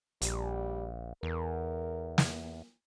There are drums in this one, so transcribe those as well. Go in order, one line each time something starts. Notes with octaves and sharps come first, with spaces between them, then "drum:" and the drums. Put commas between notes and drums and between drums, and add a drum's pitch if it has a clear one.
A#1 G3, drum: hi-hat
E2 A#4
drum: snare